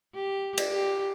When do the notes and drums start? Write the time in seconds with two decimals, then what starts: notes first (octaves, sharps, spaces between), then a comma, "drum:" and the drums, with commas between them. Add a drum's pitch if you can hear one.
0.14 G4
0.58 drum: cymbal
0.72 G4